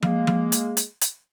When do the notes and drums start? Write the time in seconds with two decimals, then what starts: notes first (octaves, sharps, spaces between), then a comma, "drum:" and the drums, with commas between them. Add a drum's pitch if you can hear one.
0.02 G#3 A#3, drum: tom F3
0.27 drum: tom F3
0.52 drum: hi-hat
0.77 drum: hi-hat
1.01 drum: hi-hat